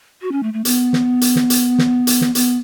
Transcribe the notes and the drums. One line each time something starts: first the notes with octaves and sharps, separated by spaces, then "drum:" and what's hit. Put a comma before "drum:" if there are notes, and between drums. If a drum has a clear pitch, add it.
F#4
C#4
A3
A3
B3, drum: hi-hat
drum: snare
drum: hi-hat
drum: snare
drum: hi-hat
drum: snare
drum: hi-hat
drum: snare
B3, drum: hi-hat